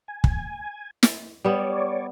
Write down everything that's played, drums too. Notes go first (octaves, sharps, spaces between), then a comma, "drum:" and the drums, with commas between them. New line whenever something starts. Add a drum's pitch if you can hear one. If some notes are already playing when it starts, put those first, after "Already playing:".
G#5
drum: kick
drum: snare
G3 B3 C#5 D5